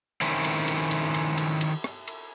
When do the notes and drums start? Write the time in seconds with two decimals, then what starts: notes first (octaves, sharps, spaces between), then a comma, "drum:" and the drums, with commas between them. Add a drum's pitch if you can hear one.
0.21 D#3 C4 C#4 E4, drum: cymbal
0.44 drum: cymbal
0.68 drum: cymbal
0.91 drum: cymbal
1.14 drum: cymbal
1.38 drum: cymbal
1.61 drum: cymbal
1.84 drum: rim click
2.08 drum: cymbal